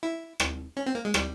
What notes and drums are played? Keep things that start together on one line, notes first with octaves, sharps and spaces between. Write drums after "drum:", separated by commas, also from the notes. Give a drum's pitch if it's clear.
E4
drum: rim click
C#4
C4
A#3
G#3
G3, drum: rim click